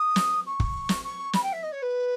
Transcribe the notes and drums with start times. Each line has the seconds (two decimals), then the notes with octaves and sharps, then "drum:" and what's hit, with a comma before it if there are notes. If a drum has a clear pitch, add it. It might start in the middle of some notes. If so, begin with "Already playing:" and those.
Already playing: D#6
0.16 drum: snare
0.46 C#6
0.60 drum: kick
0.89 drum: snare
1.03 C#6
1.33 B5, drum: snare
1.42 G5
1.52 E5
1.62 D#5
1.71 C#5
1.82 B4